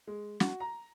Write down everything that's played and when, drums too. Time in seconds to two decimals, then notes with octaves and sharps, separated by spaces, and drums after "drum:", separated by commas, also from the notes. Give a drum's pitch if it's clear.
0.07 G#3
0.40 F#4, drum: snare
0.60 A#5